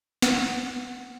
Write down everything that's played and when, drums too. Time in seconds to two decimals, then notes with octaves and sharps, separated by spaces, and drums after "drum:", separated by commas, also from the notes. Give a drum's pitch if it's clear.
0.22 F#5, drum: snare